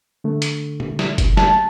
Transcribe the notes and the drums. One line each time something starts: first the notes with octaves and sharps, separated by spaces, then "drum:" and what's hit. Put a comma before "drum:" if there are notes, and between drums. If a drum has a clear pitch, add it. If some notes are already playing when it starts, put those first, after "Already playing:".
D3 A3
drum: hi-hat
drum: tom B2
drum: snare
drum: kick F#1, hi-hat
A5, drum: snare